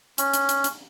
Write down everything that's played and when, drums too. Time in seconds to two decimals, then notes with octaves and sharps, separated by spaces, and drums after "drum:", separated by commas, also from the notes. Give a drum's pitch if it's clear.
0.18 C#4, drum: hi-hat
0.34 drum: hi-hat
0.49 drum: hi-hat
0.64 drum: hi-hat